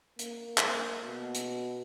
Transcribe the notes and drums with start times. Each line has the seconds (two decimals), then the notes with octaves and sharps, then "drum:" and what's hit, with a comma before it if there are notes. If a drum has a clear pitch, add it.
0.19 A#3, drum: hi-hat
0.58 drum: clap
1.03 B2
1.35 drum: hi-hat